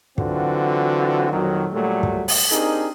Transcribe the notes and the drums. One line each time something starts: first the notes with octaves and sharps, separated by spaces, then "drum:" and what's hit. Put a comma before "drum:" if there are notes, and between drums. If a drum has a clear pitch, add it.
D3 E3 F#3 C4 F4 F#4, drum: kick
F2 A#2 D#3 F#3
A#2 F#3 G3 A3
drum: kick
drum: open hi-hat
C4 D4 D#4 G4 G#4 A#4, drum: hi-hat